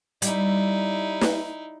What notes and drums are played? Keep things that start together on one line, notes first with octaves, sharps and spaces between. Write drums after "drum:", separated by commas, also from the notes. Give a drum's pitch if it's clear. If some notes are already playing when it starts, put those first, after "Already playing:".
G3 D#4 E4, drum: hi-hat
drum: snare